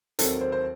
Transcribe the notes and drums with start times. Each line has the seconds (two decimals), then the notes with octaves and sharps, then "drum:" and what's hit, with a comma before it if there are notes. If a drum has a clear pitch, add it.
0.19 D#2 D#3 F#3 C4 A4, drum: hi-hat
0.41 C5
0.52 C5